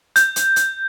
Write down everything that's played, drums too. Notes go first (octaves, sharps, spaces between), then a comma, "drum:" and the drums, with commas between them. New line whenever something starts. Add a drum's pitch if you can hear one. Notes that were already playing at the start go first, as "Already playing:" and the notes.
G6, drum: hi-hat
drum: hi-hat
drum: hi-hat